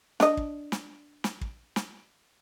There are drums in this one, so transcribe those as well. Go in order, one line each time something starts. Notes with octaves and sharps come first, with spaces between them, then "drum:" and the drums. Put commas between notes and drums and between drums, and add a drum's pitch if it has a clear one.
D4 D#5, drum: snare
drum: kick
drum: snare
drum: snare
drum: kick
drum: snare